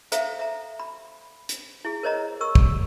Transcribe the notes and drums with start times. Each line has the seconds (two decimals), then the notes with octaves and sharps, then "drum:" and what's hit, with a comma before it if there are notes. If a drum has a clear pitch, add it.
0.12 A4 C5 E5 F5 A#5, drum: hi-hat
0.39 E5 A#5
0.79 B5
1.49 drum: hi-hat
1.85 E4 G#4
2.03 A#4 C5 C#5 D#5 A#5
2.41 A#4 C#6 E6
2.55 drum: kick